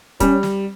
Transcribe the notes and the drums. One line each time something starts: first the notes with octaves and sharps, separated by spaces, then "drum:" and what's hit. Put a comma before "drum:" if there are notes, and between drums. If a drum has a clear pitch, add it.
G3 C#4, drum: kick, hi-hat
drum: snare